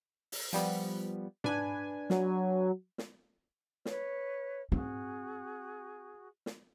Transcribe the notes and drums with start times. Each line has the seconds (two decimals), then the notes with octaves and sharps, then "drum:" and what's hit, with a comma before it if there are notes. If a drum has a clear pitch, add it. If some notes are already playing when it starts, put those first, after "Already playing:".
0.32 drum: open hi-hat
0.53 F3 G3 B3, drum: hi-hat
1.44 D4 B4 G#5, drum: tom G#2
2.10 F#3, drum: snare
2.98 drum: snare
3.85 B4 C#5, drum: snare
4.72 C4 F#4 G#4, drum: tom G#2
6.46 drum: snare